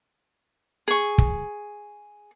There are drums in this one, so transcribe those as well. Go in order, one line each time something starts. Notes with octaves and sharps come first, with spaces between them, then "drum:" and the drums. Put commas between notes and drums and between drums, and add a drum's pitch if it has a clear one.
G#4 C#6
drum: kick